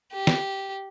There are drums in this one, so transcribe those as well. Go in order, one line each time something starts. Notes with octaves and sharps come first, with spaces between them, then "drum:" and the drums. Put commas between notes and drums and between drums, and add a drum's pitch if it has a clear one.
G4
drum: snare